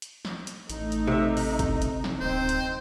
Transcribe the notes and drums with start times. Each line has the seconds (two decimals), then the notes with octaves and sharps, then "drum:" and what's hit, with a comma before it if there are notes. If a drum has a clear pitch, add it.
0.02 drum: hi-hat
0.25 drum: snare
0.47 drum: hi-hat
0.70 A1 A3 D#4, drum: hi-hat
0.92 drum: hi-hat
1.07 C3 E5
1.37 drum: open hi-hat
1.59 drum: kick F#1, hi-hat
1.82 drum: hi-hat
2.04 drum: snare
2.21 D1 C4 D#4 C5
2.49 drum: hi-hat